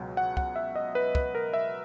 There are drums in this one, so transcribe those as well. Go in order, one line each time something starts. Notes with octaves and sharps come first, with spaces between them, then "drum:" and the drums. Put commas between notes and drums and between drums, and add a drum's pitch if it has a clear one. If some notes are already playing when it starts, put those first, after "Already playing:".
Already playing: C#2 B2 F#3
F#5
F#5, drum: kick
E5
D#5
B4
B4, drum: kick
A#4
E5